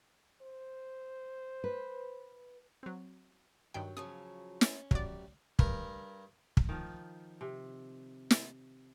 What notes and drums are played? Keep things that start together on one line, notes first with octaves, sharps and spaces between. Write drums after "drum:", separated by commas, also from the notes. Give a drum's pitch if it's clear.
C5
B4
F#3 C4
G2 D#3 F#3 G5
C#3 F3 F#3 D#6
C#4, drum: snare
F#2 F#3 G3 D5, drum: kick
G2 A#4, drum: kick
drum: kick
D#3 F3
C3
drum: snare